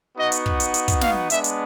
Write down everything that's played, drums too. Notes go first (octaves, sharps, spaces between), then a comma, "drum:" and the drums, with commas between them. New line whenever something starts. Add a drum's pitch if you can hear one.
B3 D#4 F#4 D#5
drum: hi-hat
drum: kick
drum: hi-hat
drum: hi-hat
drum: kick, hi-hat
F5, drum: snare
G#3 B3 D4 E5, drum: hi-hat
drum: hi-hat